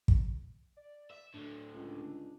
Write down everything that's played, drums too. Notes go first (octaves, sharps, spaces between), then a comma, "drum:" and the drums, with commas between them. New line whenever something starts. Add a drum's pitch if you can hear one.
drum: kick
D5
E5
A2 D3 D4
C#2